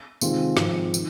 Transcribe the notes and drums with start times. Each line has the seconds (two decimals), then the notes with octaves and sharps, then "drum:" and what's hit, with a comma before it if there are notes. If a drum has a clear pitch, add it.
0.21 C3 D#3 G#3 C4 F4, drum: tambourine
0.57 G#2 F3 C4, drum: snare
0.94 D#3, drum: tambourine